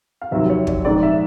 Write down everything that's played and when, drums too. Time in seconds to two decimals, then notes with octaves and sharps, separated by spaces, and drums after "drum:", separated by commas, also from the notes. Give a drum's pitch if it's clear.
0.21 F5
0.31 F1 D#2 D#3 F#3 E5
0.50 C#5
0.67 D5, drum: kick
0.85 A#1 G#2 D#3 D5
1.03 E5